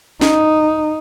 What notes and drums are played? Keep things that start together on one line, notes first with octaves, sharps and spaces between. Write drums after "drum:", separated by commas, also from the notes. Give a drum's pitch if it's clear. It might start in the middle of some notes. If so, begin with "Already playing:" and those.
D#4, drum: snare